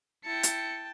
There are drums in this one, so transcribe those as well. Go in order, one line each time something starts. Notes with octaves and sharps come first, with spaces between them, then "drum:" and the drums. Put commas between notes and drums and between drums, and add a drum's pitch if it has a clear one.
E4 G5 A5 C#7
drum: hi-hat